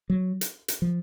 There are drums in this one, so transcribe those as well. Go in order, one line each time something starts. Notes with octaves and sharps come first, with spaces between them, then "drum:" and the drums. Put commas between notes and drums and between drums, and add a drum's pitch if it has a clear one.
F#3
drum: hi-hat
drum: hi-hat
F3